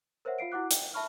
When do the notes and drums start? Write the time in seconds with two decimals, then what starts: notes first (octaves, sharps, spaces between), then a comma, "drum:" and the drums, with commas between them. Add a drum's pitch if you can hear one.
0.25 A#4 C5 C#5 E5 F#5
0.39 F4 F5 C7 D7
0.52 E4 F#4 F#5 D6 F#6
0.71 G5, drum: hi-hat
0.94 E5 A5 B5 C#6 F6